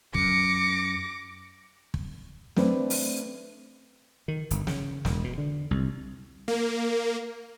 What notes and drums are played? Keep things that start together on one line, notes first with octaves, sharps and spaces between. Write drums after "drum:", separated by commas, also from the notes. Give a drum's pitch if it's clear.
F#2 D6 A#6 C#7, drum: kick
drum: kick
A3 C4 D4 B4, drum: snare
drum: open hi-hat
D#3
G1, drum: hi-hat
C#3, drum: snare
E1, drum: snare
B2
D3
C2
A#3